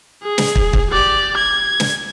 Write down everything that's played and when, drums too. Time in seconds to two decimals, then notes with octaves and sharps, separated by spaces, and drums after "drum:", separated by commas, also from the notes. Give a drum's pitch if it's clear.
0.23 G#4
0.38 drum: snare
0.56 drum: kick
0.73 drum: kick
0.91 G4 D5
1.37 G#6
1.80 drum: snare